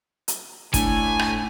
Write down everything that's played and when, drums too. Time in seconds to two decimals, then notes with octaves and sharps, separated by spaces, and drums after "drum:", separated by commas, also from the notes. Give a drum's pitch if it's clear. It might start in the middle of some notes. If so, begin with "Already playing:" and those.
0.28 drum: hi-hat
0.74 A2 D4 G#5, drum: kick, hi-hat
1.19 drum: rim click